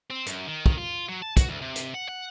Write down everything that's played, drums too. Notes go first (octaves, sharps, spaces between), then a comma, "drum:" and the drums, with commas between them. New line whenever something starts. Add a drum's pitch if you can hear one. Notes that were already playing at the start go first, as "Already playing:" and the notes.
C4
F#2, drum: hi-hat
D#3
D#3, drum: kick
F4
F#3
A5
F#4, drum: kick, hi-hat
D2
C3
drum: hi-hat
F#5
F#5